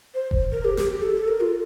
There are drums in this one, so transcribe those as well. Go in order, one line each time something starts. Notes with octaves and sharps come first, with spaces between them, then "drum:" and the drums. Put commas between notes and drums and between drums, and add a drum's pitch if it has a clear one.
C5
drum: kick F1
A#4
G4
G4, drum: snare
G4
A4
A4
A#4
F4